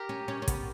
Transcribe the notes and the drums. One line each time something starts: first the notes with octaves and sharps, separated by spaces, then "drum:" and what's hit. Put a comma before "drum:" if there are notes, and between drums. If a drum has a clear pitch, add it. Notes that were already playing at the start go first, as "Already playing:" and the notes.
Already playing: G4 A#4
C#4
C#4
C#4
B3, drum: kick, hi-hat